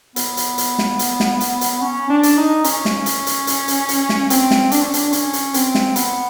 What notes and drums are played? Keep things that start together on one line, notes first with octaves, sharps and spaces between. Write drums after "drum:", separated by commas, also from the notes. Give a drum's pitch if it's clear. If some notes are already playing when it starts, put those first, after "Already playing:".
B3, drum: hi-hat
drum: hi-hat
drum: hi-hat
drum: snare
drum: hi-hat
drum: snare
drum: hi-hat
drum: hi-hat
C#4
D4
drum: hi-hat
D#4
C#4, drum: hi-hat
drum: snare
drum: hi-hat
drum: hi-hat
drum: hi-hat
drum: hi-hat
drum: hi-hat
drum: snare
C4, drum: hi-hat
drum: snare
D4, drum: hi-hat
C#4
D4, drum: hi-hat
C#4, drum: hi-hat
drum: hi-hat
C4, drum: hi-hat
drum: snare
B3, drum: hi-hat